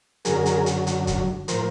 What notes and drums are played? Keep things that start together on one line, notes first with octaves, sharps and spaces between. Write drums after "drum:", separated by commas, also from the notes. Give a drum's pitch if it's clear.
F#2 D3 F#3 G#4 A#4, drum: hi-hat
drum: hi-hat
drum: hi-hat
drum: hi-hat
drum: kick, hi-hat
A2 F3 A#4 C5, drum: hi-hat